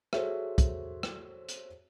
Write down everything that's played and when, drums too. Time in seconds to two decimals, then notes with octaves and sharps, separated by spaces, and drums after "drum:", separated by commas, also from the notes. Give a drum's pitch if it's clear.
0.13 F#4 G#4 A4 C5 C#5 E5, drum: rim click
0.58 drum: kick, hi-hat
1.03 drum: rim click
1.49 drum: hi-hat